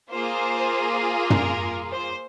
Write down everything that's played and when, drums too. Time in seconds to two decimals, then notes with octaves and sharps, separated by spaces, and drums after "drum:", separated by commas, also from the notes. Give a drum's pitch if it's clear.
0.11 A#3 F4 G#4 C5
1.30 A#4, drum: tom
1.91 C5